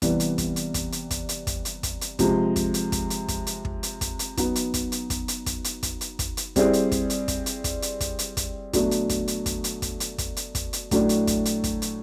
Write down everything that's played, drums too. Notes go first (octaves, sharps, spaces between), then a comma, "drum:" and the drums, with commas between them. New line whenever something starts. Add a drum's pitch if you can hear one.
C3 E3 G3 B3, drum: kick, hi-hat
drum: hi-hat
drum: kick, hi-hat
drum: hi-hat
drum: kick, hi-hat
drum: hi-hat
drum: kick, hi-hat
drum: hi-hat
drum: kick, hi-hat
drum: hi-hat
drum: kick, hi-hat
drum: hi-hat
C3 F3 G#3, drum: kick, hi-hat
drum: kick, hi-hat
drum: hi-hat
drum: kick, hi-hat
drum: hi-hat
drum: kick, hi-hat
drum: hi-hat
drum: kick
drum: hi-hat
drum: kick, hi-hat
drum: hi-hat
F#3 B3 D#4, drum: kick, hi-hat
drum: hi-hat
drum: kick, hi-hat
drum: hi-hat
drum: kick, hi-hat
drum: hi-hat
drum: kick, hi-hat
drum: hi-hat
drum: kick, hi-hat
drum: hi-hat
drum: kick, hi-hat
drum: hi-hat
G3 C4 E4 G#4, drum: kick, hi-hat
drum: hi-hat
drum: kick, hi-hat
drum: hi-hat
drum: kick, hi-hat
drum: hi-hat
drum: kick, hi-hat
drum: hi-hat
drum: kick, hi-hat
drum: hi-hat
drum: kick, hi-hat
B2 F#3 A3 D4, drum: kick, hi-hat
drum: hi-hat
drum: kick, hi-hat
drum: hi-hat
drum: kick, hi-hat
drum: hi-hat
drum: kick, hi-hat
drum: hi-hat
drum: kick, hi-hat
drum: hi-hat
drum: kick, hi-hat
drum: hi-hat
A2 F#3 A3 D4, drum: kick, hi-hat
drum: hi-hat
drum: kick, hi-hat
drum: hi-hat
drum: kick, hi-hat
drum: hi-hat